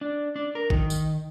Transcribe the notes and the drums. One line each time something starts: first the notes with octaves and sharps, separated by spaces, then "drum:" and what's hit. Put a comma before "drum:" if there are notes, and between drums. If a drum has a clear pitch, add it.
D4
D4
A#4
D#3, drum: kick A1
drum: tambourine